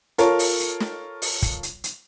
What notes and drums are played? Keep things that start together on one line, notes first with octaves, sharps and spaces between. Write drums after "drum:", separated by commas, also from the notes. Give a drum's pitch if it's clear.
F4 A4 A#4 C#5, drum: hi-hat
drum: open hi-hat
drum: hi-hat
drum: snare
drum: open hi-hat
drum: kick, hi-hat
drum: hi-hat
drum: hi-hat